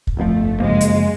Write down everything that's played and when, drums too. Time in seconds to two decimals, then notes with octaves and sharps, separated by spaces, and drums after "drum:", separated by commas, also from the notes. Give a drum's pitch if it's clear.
0.07 drum: kick
0.17 G1 F2 D3 F3 A3
0.60 F#2 C#3 F3 G#3 A#3
0.81 drum: hi-hat